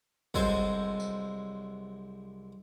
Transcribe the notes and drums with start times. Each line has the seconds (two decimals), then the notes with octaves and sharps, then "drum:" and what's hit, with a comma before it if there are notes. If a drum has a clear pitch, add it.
0.34 C2 F#3 G#3 A4 C5 G#5, drum: kick
1.00 drum: tambourine